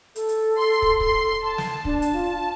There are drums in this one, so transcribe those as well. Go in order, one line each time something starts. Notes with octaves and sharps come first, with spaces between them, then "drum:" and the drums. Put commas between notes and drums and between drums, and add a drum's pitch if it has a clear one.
A4, drum: hi-hat
drum: hi-hat
C6
drum: kick
C6, drum: kick
A5
drum: snare
D4 A5, drum: kick
drum: hi-hat
F4